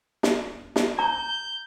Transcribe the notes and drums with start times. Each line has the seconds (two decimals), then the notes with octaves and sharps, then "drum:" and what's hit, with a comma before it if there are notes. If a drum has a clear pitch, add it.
0.23 drum: snare
0.76 drum: snare
0.99 A#5 G6